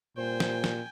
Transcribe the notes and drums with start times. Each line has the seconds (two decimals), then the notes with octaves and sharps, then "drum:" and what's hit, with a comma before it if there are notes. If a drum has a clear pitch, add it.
0.17 A#2 G3 C5 G5 G#5
0.40 drum: snare
0.64 drum: snare